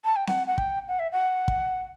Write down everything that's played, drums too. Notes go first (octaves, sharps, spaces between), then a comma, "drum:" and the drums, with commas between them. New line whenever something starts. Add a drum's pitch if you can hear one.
A5
G5
F#5, drum: snare C4
F#5
G5, drum: kick
F#5
E5
F#5
drum: kick